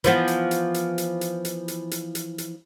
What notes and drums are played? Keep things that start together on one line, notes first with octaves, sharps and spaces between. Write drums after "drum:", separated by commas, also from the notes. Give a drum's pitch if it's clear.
E3 F3 B3, drum: hi-hat
drum: hi-hat
drum: hi-hat
drum: hi-hat
drum: hi-hat
drum: hi-hat
drum: hi-hat
drum: hi-hat
drum: hi-hat
drum: hi-hat
drum: hi-hat